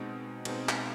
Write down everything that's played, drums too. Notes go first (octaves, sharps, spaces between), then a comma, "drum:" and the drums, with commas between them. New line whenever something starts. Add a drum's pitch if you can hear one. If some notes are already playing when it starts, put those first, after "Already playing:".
Already playing: B2 G#3 C4 D#4
B2 G#3 C4 D#4, drum: cymbal
drum: clap